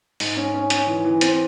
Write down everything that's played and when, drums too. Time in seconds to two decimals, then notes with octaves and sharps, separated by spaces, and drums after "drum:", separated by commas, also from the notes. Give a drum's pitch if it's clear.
0.20 G#2, drum: open hi-hat
0.36 C#4
0.54 C#4
0.70 C#4, drum: hi-hat
0.87 E3
1.04 E3
1.21 C4, drum: hi-hat